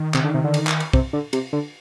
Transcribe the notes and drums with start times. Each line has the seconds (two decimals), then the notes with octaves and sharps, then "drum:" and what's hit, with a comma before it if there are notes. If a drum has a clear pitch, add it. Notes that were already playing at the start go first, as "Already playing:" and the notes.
Already playing: D#3
0.14 C3, drum: clap
0.24 D3
0.34 C3
0.44 D3
0.54 drum: cymbal
0.67 drum: clap
0.80 drum: cymbal
0.93 C3, drum: kick
1.13 D3
1.33 C3, drum: cymbal
1.53 D3